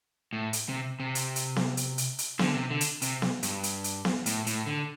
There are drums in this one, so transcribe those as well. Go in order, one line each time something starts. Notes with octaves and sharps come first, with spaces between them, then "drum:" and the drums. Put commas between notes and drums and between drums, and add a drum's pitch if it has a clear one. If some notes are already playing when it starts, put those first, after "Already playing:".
A2
drum: hi-hat
C3
C3
drum: hi-hat
drum: hi-hat
drum: snare B3
drum: hi-hat
drum: hi-hat
drum: hi-hat
D3, drum: snare B3
C3
D3
drum: hi-hat
C3, drum: hi-hat
drum: snare B3
G2, drum: hi-hat
drum: hi-hat
drum: hi-hat
drum: snare B3
A2, drum: hi-hat
A2, drum: hi-hat
D3